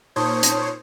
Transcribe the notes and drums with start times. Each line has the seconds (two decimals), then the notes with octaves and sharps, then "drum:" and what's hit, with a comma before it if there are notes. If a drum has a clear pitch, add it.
0.16 A#2 D#4 C5 C#5 A5 D#6
0.43 drum: hi-hat